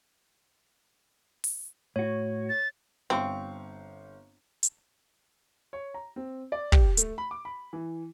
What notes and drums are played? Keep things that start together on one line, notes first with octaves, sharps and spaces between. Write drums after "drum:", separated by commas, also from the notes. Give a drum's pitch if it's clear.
drum: open hi-hat
A2 F#4 C#5
A6
G1 C4 F5 C#6
drum: hi-hat
C#5
A#5
C4
D5
G4, drum: kick
A3, drum: hi-hat
B5
D6
B5
E3